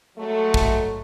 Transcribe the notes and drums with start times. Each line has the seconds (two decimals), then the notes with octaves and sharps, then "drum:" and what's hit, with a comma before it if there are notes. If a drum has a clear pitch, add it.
0.18 F#3 G#3 A3
0.54 drum: kick